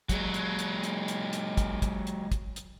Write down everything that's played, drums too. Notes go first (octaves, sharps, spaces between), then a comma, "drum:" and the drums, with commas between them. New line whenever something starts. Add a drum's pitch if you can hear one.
F#3 G#3, drum: kick, hi-hat
drum: hi-hat
drum: hi-hat
drum: hi-hat
drum: hi-hat
drum: hi-hat
drum: kick, hi-hat
drum: kick, hi-hat
drum: hi-hat
drum: kick, hi-hat
drum: hi-hat